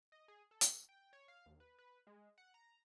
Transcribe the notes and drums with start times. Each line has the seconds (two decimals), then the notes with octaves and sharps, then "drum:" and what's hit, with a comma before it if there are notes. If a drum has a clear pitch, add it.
0.12 D#5
0.28 G#4
0.51 A4
0.61 drum: hi-hat
0.89 G5
1.13 C#5
1.28 F5
1.46 D#2
1.60 B4
1.78 B4
2.07 G#3
2.38 F#5
2.54 A#5